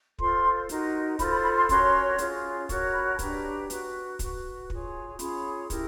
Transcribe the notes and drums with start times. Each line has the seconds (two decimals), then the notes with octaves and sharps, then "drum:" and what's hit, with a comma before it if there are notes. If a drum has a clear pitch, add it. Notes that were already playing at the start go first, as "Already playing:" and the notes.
0.19 F4 A4 C5 C6, drum: kick
0.69 D#4 F#4 A#4, drum: hi-hat
1.19 F4 A4 C5 B5, drum: kick, hi-hat
1.32 B5
1.43 B5
1.56 C6
1.69 C#4 F#4 A#4 C#5 C6, drum: kick, hi-hat
2.18 C#4 F4 G#4, drum: hi-hat
2.69 F#4 A#4 C#5 C#6, drum: kick, hi-hat
2.94 B5
3.14 A5
3.19 D4 G4 B4 A#5, drum: kick, hi-hat
3.70 F#4 B4, drum: hi-hat
4.19 F#4 B4, drum: kick, hi-hat
4.70 F4 G#4 C#5, drum: kick
5.19 C#4 F4 G#4 C#5 B5, drum: hi-hat
5.70 E4 G4 A#4, drum: kick, hi-hat